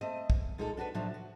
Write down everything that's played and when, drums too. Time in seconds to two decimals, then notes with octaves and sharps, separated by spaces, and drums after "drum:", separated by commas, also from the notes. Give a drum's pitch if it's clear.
0.01 A3 C4 D#5
0.30 E2, drum: kick
0.58 A#2 G#3 D#4 F4 G#4 A4
0.77 D4 F#4 A#4 B4
0.94 A2 C3 F3 F#3 D4 F#4
1.14 F#4